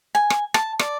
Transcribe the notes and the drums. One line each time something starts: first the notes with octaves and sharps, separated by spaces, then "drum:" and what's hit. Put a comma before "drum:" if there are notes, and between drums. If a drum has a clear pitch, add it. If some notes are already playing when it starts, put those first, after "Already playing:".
G#5
drum: rim click
A5, drum: rim click
D5, drum: rim click